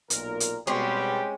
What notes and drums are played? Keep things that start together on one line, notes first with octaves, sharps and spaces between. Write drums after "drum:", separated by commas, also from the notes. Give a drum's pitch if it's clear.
B1 A#2 A#4, drum: hi-hat
drum: hi-hat
B2 G3 G#3 C4 C#4 G4